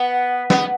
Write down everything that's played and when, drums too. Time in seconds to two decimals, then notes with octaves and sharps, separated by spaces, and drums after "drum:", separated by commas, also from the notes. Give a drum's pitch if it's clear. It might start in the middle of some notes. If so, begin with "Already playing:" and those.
Already playing: B3
0.50 B3, drum: snare